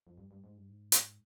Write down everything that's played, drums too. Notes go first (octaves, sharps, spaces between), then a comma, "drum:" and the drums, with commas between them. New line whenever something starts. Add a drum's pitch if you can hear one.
F2
G2
G2
G#2
G2
G#2
drum: hi-hat